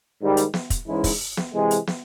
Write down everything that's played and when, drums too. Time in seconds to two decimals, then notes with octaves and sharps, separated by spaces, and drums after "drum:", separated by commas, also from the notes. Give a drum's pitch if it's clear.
0.20 G#2 D#3 G3
0.37 drum: hi-hat
0.54 drum: snare
0.70 drum: kick, hi-hat
0.87 G#2 E3 G#3 C#4 E4
1.04 drum: kick, open hi-hat
1.37 drum: snare
1.54 C3 E3 G#3
1.71 drum: hi-hat
1.87 drum: snare